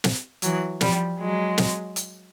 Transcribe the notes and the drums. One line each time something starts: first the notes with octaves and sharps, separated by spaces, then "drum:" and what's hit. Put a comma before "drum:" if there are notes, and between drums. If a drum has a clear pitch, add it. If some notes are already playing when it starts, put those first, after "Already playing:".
drum: snare
E3 F#3, drum: hi-hat
F3 G3, drum: snare
F#3 G#3
drum: snare
drum: hi-hat